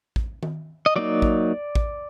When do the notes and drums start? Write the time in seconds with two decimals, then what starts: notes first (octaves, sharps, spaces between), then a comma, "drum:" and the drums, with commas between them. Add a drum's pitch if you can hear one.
0.16 drum: kick A1
0.43 drum: tom D#3
0.86 D#5
0.96 F#3 A#3 D#4 D5
1.22 drum: kick A1
1.75 drum: kick A1